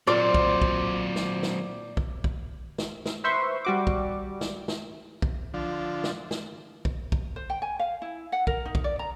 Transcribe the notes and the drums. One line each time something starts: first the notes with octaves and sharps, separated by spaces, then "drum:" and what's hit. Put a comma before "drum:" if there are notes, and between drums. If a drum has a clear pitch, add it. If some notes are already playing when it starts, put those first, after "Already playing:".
A#2 F#3 C4 C5 D5 F6
drum: kick
drum: kick
drum: snare
drum: snare
drum: kick
drum: kick
drum: snare
drum: snare
B4 C5 E5 C6 C#6
G3 F#4 D6
drum: kick
drum: snare
drum: snare
drum: kick
D3 F3
drum: snare
drum: snare
drum: kick
drum: kick
C5
G5
G#5
F5
E4
F#5
A#4, drum: kick
D#4
drum: kick
D5
A#5